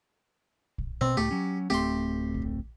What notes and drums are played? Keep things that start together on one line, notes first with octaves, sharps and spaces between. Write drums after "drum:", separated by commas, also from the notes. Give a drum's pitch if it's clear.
drum: kick A#1
B2 C4
C#2 A2 A3 G4
F#3 C#4
D1 A3 C4 G4 C6
drum: kick A#1